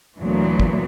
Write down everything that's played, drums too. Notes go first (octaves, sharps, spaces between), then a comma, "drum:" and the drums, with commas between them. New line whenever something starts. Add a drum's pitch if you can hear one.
D2 A#2 E3 F#3 B3
drum: kick